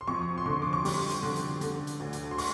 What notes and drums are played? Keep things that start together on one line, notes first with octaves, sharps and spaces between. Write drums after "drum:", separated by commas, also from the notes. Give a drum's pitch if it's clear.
C6
F2 C#6
C6
D3 C#6
D6
C#6
G3 C6, drum: open hi-hat
drum: hi-hat
D3
drum: hi-hat
D3, drum: hi-hat
drum: hi-hat
D2
drum: hi-hat
C6
C#6, drum: open hi-hat